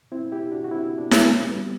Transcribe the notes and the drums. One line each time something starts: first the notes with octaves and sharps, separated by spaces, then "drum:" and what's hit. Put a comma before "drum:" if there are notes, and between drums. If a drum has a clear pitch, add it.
C4 E4
E4 G4
D4 F#4
F#4
C4 E4
B3 D4
drum: snare E4
A3 C4
G3 B3